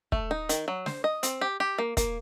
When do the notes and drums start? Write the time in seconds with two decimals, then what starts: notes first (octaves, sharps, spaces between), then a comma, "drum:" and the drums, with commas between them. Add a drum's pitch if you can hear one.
0.12 A3, drum: kick
0.31 D#4
0.49 D#3, drum: hi-hat
0.68 F#3
0.86 C5, drum: snare
1.04 D#5
1.23 C4, drum: hi-hat
1.41 G4
1.60 G4
1.78 A#3
1.97 A#3, drum: kick, hi-hat